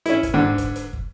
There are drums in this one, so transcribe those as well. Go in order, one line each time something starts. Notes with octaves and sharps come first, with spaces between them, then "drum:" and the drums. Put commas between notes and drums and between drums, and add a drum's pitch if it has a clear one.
C#4 E4, drum: hi-hat
drum: kick, hi-hat
G#2 D3
drum: kick, hi-hat
drum: hi-hat
drum: kick